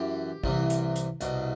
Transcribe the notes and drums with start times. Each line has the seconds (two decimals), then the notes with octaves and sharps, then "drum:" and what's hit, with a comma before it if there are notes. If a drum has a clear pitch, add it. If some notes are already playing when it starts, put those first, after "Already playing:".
Already playing: F#2 E3 G4
0.44 C2 C3 E3, drum: kick
0.70 drum: hi-hat
0.96 drum: hi-hat
1.21 C2 B2, drum: hi-hat